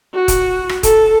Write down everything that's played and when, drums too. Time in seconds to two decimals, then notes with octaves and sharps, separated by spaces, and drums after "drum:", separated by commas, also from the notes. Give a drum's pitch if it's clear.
0.14 F#4
0.28 drum: kick D#1, hi-hat
0.69 drum: rim click
0.83 A4, drum: kick D#1, hi-hat